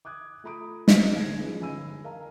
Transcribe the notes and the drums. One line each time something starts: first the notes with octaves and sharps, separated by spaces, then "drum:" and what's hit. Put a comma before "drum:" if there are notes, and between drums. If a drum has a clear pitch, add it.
D6 D#6 F#6 G#6
A3 F4 A#5 B5 D#6 D7
drum: snare
A1 D2 G#6 A#6 C7
F3 C#4 D#4 G#4 B4
G1 G#5 B5 E6 D#7
A#4 D#5 F5 A5 A#5